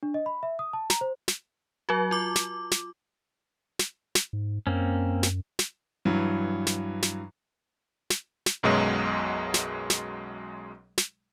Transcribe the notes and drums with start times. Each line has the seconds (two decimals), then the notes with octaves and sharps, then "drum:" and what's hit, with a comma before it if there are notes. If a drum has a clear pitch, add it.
0.03 D4
0.14 D#5
0.26 B5
0.43 E5
0.59 D#6
0.73 A5
0.90 A#5, drum: snare
1.01 C5
1.28 drum: snare
1.89 F#3 F#4
2.11 F4 D6
2.36 drum: snare
2.71 drum: snare
3.79 drum: snare
4.15 drum: snare
4.33 G#2
4.67 F#2 A#3 C4 C#4
5.23 drum: snare
5.59 drum: snare
6.05 G2 E3 F#3
6.67 drum: snare
7.02 drum: snare
8.10 drum: snare
8.46 drum: snare
8.63 B1 F#2 B2 F#3 G#3
9.54 drum: snare
9.90 drum: snare
10.98 drum: snare